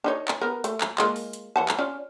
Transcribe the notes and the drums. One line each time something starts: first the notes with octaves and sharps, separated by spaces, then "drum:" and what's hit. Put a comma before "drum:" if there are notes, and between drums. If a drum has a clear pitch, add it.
D4 D#4 C#5
drum: clap
B3 A#4
A3, drum: hi-hat
drum: clap
G#3 A#3 F4, drum: clap
drum: open hi-hat
drum: hi-hat
E3 F#5 A5
drum: clap
C#4 F4 D5